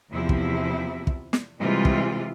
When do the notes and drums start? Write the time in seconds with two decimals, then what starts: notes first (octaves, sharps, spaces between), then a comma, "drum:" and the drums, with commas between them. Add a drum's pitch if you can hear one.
0.10 E2 C3 F3 E4
0.29 drum: kick
1.07 drum: kick
1.33 drum: snare
1.59 C3 E3 G3 G#3 F4
1.85 drum: kick